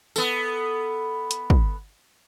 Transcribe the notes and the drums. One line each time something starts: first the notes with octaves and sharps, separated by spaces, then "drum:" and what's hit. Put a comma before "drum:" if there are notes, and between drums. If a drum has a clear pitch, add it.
B3 A4, drum: tambourine
drum: hi-hat
drum: kick